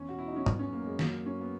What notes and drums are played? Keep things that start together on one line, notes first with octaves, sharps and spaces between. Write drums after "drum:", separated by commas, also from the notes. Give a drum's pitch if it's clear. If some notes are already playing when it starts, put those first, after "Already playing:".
Already playing: E2 C#4
B2 F#4
E4
F#3 D#4
C#4
F#2 B3, drum: tom G#2
F#2 C#4
A#3
F#2 G#3
F#3 A#3, drum: snare
F#2
C#4
B3